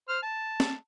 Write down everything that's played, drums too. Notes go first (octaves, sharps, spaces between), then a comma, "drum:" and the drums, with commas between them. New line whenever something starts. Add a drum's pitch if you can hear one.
C5 F6
A5
drum: snare C4